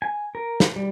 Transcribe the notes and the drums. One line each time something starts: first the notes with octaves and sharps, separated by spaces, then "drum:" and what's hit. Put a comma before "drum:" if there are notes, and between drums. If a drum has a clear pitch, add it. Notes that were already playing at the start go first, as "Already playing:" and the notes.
G#5
A#4
drum: snare
G3